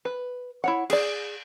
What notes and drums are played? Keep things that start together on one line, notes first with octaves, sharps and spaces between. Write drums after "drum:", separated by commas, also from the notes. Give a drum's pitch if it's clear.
B4
E4 C#5 F#5
G#4 D5, drum: cymbal